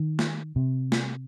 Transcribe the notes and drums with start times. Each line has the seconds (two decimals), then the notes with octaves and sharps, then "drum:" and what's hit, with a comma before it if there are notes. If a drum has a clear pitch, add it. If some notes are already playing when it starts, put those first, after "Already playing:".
Already playing: D#3
0.19 drum: snare
0.56 C3
0.92 drum: snare